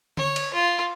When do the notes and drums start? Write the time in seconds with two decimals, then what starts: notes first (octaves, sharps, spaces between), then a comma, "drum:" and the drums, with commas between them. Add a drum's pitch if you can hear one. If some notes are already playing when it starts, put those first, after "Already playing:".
0.17 C#5, drum: tom D3
0.36 drum: cymbal
0.54 F4